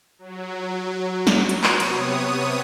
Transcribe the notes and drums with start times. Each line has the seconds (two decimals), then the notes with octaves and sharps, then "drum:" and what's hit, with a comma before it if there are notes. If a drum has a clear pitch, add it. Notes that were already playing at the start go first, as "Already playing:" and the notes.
0.19 F#3
1.27 drum: snare
1.49 drum: hi-hat
1.64 drum: clap
1.80 C3 B3 C#5 D#6, drum: cymbal